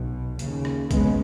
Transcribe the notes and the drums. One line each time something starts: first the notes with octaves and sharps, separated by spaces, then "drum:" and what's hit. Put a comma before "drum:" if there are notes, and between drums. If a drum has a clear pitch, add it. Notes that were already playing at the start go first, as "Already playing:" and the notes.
Already playing: B1 B2
D#2 C#3, drum: hi-hat
drum: rim click
F#1 F#2 C#3 G#3 B3, drum: kick B1, hi-hat